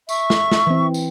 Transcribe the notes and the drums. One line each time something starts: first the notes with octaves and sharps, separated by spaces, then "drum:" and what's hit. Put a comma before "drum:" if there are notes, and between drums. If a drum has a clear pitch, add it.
E5 C#6, drum: tambourine
drum: snare
drum: snare
E3 C4
drum: tambourine